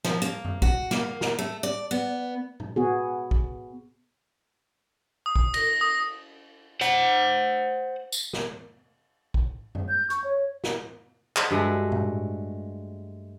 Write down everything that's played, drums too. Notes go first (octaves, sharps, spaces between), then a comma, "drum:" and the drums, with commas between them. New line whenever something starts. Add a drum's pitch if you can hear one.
F3, drum: snare
A#3, drum: hi-hat
drum: tom F#2
F#4, drum: kick
A#3, drum: snare
drum: snare
A3
D5
B3
drum: tom A2
B3 F#4 G#4
drum: kick
D#6
drum: kick
A#6, drum: cymbal
D#6
C5 F#5, drum: hi-hat
drum: tambourine
drum: snare
drum: kick
drum: tom F#2
G6
C#6, drum: hi-hat
C#5
drum: snare
drum: clap
G2 G#3 A3 F#4
drum: tom A2